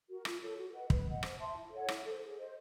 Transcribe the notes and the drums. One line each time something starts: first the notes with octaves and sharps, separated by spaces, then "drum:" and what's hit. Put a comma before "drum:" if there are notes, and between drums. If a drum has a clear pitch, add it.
F#4 A#4
F4, drum: rim click
A4 C#5
F#4
B4 D#5 F#5
B4, drum: kick
D#5 F#5
C5, drum: rim click
E5 A5 C6
E4
A4 C#5 F#5
E4, drum: rim click
A4 C5
G#4
C5 D#5